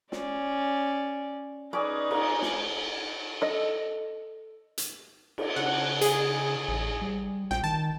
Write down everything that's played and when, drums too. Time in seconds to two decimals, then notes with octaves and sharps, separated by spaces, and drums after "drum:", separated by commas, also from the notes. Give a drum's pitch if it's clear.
0.12 C#4 D5, drum: snare
1.73 C#4 D#4 G#4 B4 D5
2.11 A#3, drum: cymbal
2.42 drum: snare
3.42 A4 D#5
4.78 drum: hi-hat
5.38 drum: cymbal
5.56 C#3 F#5
6.01 G#4, drum: hi-hat
6.68 A1
7.01 G3
7.51 A#1 G5, drum: snare
7.64 D#3 A5